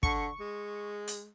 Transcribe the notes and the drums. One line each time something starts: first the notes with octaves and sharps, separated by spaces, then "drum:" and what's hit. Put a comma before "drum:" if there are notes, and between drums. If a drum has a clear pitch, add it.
D3 C#6, drum: kick
G#3
drum: hi-hat